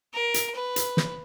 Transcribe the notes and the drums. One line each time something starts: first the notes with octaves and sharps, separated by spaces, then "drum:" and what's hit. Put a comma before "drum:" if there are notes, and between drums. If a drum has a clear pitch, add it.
A#4
drum: hi-hat
B4
drum: hi-hat
drum: snare